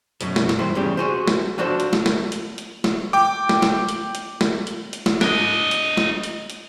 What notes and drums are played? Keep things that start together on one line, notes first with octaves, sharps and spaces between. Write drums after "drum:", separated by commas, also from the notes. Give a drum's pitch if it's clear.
F#2 B2, drum: hi-hat
drum: snare
drum: snare
G2 E3 C5 C6
E2 C#3 G3 G4
F#4 G#4 C5
drum: snare
F3 D4 F#4 A4 C5
drum: hi-hat
drum: snare
drum: snare
drum: hi-hat
drum: hi-hat
drum: snare
G5 D6
drum: snare
drum: snare
drum: hi-hat
drum: hi-hat
drum: snare
drum: hi-hat
drum: hi-hat
drum: snare
D4 D#5, drum: snare
drum: hi-hat
drum: snare
drum: hi-hat
drum: hi-hat